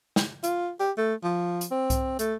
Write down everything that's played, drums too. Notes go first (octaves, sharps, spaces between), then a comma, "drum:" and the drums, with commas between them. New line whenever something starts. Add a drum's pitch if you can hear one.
drum: snare
F4, drum: hi-hat
G4
A3
F3
drum: hi-hat
C4
drum: kick C2, hi-hat
A3, drum: hi-hat